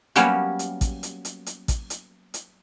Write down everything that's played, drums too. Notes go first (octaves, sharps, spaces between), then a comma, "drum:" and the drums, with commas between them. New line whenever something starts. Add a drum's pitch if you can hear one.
F#3 G3 A#3 B3 C#4 G4, drum: hi-hat
drum: hi-hat
drum: kick A1, hi-hat
drum: hi-hat
drum: hi-hat
drum: hi-hat
drum: kick A1, hi-hat
drum: hi-hat
drum: hi-hat